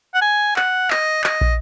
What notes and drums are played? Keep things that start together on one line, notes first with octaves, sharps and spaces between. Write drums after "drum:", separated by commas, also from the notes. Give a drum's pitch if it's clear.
F#5
G#5
F#5, drum: clap
D#5, drum: clap
D#5, drum: clap
drum: kick